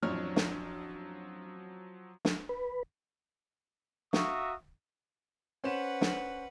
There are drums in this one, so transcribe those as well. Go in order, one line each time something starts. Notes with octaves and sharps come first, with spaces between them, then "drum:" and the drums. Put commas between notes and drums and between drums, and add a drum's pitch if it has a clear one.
A1 F2 F3 F#3 D4 C#5 F6
drum: snare
drum: snare
B4
F#4 E5 F5 A#5 C#6 D#6, drum: snare
C#4 B4 C5 F#5 E7
drum: snare